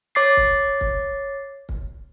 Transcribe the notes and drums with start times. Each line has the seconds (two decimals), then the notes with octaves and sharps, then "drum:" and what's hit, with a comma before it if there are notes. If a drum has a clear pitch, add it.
0.15 C#5 D6 A6 C7
0.37 drum: kick
0.81 drum: kick
1.69 drum: kick